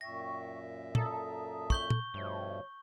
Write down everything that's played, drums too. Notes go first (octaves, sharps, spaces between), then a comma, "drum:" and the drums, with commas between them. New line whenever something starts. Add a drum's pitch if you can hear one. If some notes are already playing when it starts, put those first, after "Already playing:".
F#2 A#2 E5 G5 C#6 A#6
A4 A5 A#5 D#6, drum: tom
C#6 G6 G7, drum: kick
drum: tom
G2 B2 F3 A3 C#5